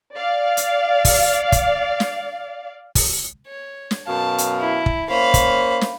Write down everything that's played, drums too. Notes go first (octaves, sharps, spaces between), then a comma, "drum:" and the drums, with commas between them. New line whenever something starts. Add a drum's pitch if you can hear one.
D5 F5
drum: hi-hat
drum: kick, open hi-hat
drum: kick, hi-hat
drum: snare
drum: kick, open hi-hat
C#5
drum: snare
F#2 B2 F5 A5
drum: hi-hat
E4
drum: kick
A#3 C#4 C5 F5 B5
drum: kick, hi-hat
drum: snare